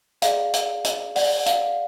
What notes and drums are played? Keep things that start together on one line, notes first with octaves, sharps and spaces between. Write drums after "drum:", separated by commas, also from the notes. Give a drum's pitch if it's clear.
G#4 D5 F5, drum: hi-hat
drum: hi-hat
drum: hi-hat
D5 F#5, drum: open hi-hat
F5, drum: hi-hat